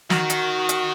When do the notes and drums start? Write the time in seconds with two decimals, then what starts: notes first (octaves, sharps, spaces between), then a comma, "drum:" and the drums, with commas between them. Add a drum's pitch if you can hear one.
0.10 D#3 F#4, drum: snare
0.30 drum: hi-hat
0.69 drum: hi-hat